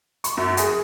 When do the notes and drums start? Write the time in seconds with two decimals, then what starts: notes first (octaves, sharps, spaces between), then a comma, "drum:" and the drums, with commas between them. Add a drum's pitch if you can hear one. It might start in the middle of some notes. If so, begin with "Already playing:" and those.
0.24 C#6, drum: hi-hat
0.37 F#2
0.57 G#4, drum: hi-hat